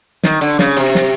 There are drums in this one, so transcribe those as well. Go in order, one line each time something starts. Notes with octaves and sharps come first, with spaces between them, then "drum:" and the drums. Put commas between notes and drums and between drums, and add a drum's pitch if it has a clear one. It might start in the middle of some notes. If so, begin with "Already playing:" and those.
D#3, drum: snare
D3, drum: cymbal
C#3, drum: snare
C3, drum: cymbal
drum: snare